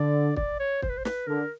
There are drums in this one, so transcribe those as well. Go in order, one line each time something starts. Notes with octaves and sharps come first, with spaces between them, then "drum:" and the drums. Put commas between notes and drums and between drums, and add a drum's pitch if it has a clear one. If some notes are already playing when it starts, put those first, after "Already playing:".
Already playing: D3 D5
D5, drum: kick
C#5
C5, drum: kick
B4
C5
B4, drum: snare
D3 A#4